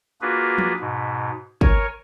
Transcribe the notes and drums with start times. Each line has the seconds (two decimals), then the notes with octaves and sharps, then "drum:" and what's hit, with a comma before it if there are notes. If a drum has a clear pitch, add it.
0.21 A#3 D4 F4 F#4 G#4 B4
0.58 drum: tom F3
0.80 G#2 B2
1.61 A#4 C#5 G#5 C#6, drum: kick